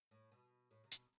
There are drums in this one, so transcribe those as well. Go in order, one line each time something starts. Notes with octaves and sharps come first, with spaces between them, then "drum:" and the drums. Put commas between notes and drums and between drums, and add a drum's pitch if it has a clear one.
A2
B2
A2
C3
B2, drum: hi-hat